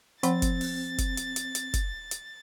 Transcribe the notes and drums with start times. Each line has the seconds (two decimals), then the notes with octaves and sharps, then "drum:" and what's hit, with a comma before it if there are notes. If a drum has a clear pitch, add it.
0.23 F3 C4 F#5 B5 A6, drum: hi-hat
0.42 drum: kick, hi-hat
0.61 drum: open hi-hat
0.98 drum: kick, hi-hat
1.17 drum: hi-hat
1.36 drum: hi-hat
1.55 drum: hi-hat
1.74 drum: kick, hi-hat
2.11 drum: hi-hat